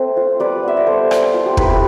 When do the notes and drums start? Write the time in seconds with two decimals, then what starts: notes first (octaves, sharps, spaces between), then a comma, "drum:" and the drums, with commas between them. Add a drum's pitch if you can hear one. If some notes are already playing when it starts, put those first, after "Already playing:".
Already playing: A3 C4
0.17 F4
0.40 G3 B4 D5
0.64 B3 E5
0.77 D5
0.87 G3 A4 C5
1.11 F4, drum: rim click
1.34 E4 F4
1.46 G4
1.57 E4 G4 B4, drum: kick
1.70 G4 B4